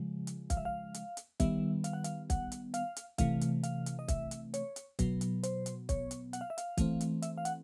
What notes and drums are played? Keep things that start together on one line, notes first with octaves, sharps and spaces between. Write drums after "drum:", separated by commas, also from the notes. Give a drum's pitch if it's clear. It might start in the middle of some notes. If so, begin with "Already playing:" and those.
Already playing: C#3 F3 G#3
drum: hi-hat
F5, drum: kick, hi-hat
E5
F5
drum: hi-hat
drum: hi-hat
D#3 G3 B3 E5, drum: kick, hi-hat
F5, drum: hi-hat
F#5
F5, drum: hi-hat
F#5, drum: kick, hi-hat
drum: hi-hat
F5, drum: hi-hat
drum: hi-hat
C3 E3 A3 F5, drum: kick, hi-hat
drum: hi-hat
F5, drum: hi-hat
drum: hi-hat
D#5
E5, drum: kick, hi-hat
drum: hi-hat
C#5, drum: hi-hat
drum: hi-hat
B2 F#3 B3, drum: kick, hi-hat
drum: hi-hat
C5, drum: hi-hat
drum: hi-hat
C#5, drum: kick, hi-hat
drum: hi-hat
F#5, drum: hi-hat
F5
E5
F5, drum: hi-hat
E3 A3 C4, drum: kick, hi-hat
drum: hi-hat
E5, drum: hi-hat
F5
F#5, drum: hi-hat